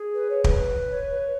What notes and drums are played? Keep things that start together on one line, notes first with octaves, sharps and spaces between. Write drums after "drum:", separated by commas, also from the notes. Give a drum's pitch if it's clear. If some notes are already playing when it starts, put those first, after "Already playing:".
Already playing: G#4
B4
C#5
B4, drum: kick
C#5